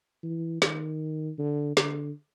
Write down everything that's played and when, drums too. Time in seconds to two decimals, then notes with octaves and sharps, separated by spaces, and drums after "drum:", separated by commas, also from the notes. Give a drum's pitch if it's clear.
0.23 E3
0.62 D#3, drum: snare
1.38 D3
1.77 D3, drum: snare